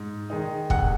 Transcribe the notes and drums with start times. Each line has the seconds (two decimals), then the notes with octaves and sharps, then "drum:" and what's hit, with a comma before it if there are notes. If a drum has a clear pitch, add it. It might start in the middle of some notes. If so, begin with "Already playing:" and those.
Already playing: G#2
0.30 D#3 G#3 D#4
0.70 F1 F#5, drum: kick